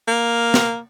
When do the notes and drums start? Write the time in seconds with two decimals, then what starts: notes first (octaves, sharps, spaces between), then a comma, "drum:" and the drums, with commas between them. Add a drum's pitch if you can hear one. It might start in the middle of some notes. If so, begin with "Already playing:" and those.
0.08 A#3
0.54 drum: snare